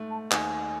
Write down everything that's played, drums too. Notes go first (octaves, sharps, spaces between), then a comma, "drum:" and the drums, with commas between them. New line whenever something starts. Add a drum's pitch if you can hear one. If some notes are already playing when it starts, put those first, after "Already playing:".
Already playing: G#2 A3
A5
D#2 G#5, drum: clap